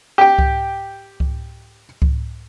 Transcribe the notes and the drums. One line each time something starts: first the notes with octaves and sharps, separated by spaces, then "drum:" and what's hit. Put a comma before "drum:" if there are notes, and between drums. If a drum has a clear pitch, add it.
G4 G5
drum: kick C#2
drum: kick C#2
drum: kick C#2